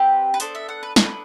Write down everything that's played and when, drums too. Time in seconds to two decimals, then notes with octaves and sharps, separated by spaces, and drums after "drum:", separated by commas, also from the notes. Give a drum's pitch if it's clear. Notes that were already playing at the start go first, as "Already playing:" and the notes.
Already playing: C4 G4 B4
0.34 B4
0.40 B3 D4 A4 C5, drum: hi-hat
0.55 E5
0.69 F#5
0.83 B4
0.96 B3 D4 A4 B4, drum: snare